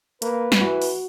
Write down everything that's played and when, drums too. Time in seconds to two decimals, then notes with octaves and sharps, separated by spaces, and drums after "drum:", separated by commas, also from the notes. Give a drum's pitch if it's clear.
0.22 A#3 B4, drum: hi-hat
0.52 drum: snare
0.61 E3 F#4
0.82 drum: open hi-hat